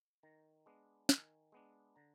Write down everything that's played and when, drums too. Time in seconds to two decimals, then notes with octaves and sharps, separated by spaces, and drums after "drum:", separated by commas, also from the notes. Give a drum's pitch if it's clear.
0.23 D#3 A#5
0.66 G#3 B3 D4
1.09 D#3 G#5, drum: snare
1.52 G#3 B3 D4
1.96 D3 A#5